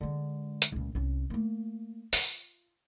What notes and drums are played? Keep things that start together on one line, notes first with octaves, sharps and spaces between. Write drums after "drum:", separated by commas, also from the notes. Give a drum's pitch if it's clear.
D3 G#3
drum: hi-hat
C#2 A#2
C2 C#4
A3 A#3
F4, drum: open hi-hat